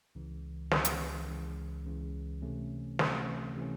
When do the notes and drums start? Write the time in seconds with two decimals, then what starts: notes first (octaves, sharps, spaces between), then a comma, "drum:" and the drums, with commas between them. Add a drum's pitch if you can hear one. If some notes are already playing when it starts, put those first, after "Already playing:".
0.15 C#2 C#3 E3
0.71 C#2 C#3 E3, drum: snare
0.85 drum: hi-hat
1.29 C#2 C#3 E3
1.85 C#2 C#3 E3
2.42 C3 E3 A3 C#4
2.99 C3 E3 A3 C#4, drum: snare
3.57 C3 E3 A3 C#4